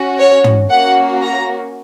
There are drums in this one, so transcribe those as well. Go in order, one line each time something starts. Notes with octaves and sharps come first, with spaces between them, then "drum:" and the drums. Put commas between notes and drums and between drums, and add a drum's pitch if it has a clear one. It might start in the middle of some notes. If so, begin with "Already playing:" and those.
Already playing: C#4 F#4
C#5
drum: tom
A#3 C#4 F#4 F#5
A#5